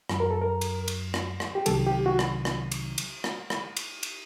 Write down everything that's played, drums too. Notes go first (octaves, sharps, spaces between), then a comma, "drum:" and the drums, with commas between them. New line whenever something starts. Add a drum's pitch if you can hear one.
F#2 F#3, drum: rim click
A#4
A4
A#4
drum: cymbal
drum: cymbal
drum: rim click
drum: rim click
G4
C2 C3 D#3 F#3 A4, drum: cymbal
G4
F#4
drum: rim click
drum: rim click
drum: cymbal
drum: cymbal
drum: rim click
drum: rim click
drum: cymbal
drum: cymbal